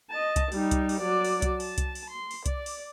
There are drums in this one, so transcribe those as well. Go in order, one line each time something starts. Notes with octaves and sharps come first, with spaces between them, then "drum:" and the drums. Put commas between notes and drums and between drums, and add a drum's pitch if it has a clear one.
D#5 A5
drum: kick C2, hi-hat
G3 D#4, drum: open hi-hat
drum: kick C2, hi-hat
drum: open hi-hat
F#3 D5
drum: open hi-hat
drum: kick C2, hi-hat
A5, drum: open hi-hat
drum: kick C2, hi-hat
drum: open hi-hat
C6
drum: open hi-hat
D5, drum: kick C2, hi-hat
drum: open hi-hat